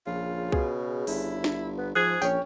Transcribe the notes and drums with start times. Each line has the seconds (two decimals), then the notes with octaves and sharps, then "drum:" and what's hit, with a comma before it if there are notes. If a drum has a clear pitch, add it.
0.07 A#1 C#3 F4
0.52 B2 G#4, drum: kick C2
1.07 G1 E4, drum: open hi-hat
1.44 drum: snare
1.78 B3
1.95 G#2 F3 G#4 F#6 G#6
2.22 A#1 C#4 C#5 G5, drum: tambourine